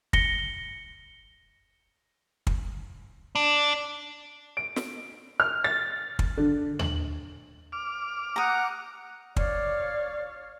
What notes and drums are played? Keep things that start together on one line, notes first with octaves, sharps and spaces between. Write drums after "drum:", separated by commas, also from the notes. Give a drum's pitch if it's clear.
A#6 C#7 G7, drum: kick
drum: kick
D4
D7
drum: snare
F6
A6
drum: kick
D3
F#7, drum: tom D#2
D6 F6
F#5 A#5 D#6 F#6 G6
C#5 D5 F5, drum: kick